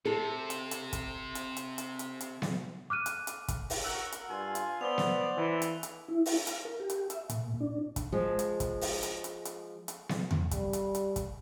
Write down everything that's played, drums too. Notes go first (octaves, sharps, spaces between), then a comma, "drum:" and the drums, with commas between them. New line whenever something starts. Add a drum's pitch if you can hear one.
C3 A4
drum: hi-hat
drum: hi-hat
drum: kick, hi-hat
drum: hi-hat
drum: hi-hat
drum: hi-hat
drum: hi-hat
drum: hi-hat
drum: snare B3
D6 F6 F#6 D#7
drum: hi-hat
drum: hi-hat
drum: kick, hi-hat
drum: open hi-hat
F#4 A#4 F#5 E6 F#6
drum: hi-hat
G2 F4 G#5
drum: hi-hat
B3 C5 D5 F7 G7
drum: snare B3
E3
drum: hi-hat
drum: hi-hat
E4
drum: open hi-hat
F5, drum: hi-hat
A#4
G4
drum: hi-hat
E5, drum: hi-hat
A#2, drum: hi-hat
D4
drum: kick, hi-hat
F3 G#3
drum: hi-hat
drum: kick, hi-hat
drum: open hi-hat
drum: hi-hat
drum: hi-hat
drum: hi-hat
drum: hi-hat
drum: snare B3
drum: tom E2
G3, drum: kick, hi-hat
drum: hi-hat
drum: hi-hat
drum: kick, hi-hat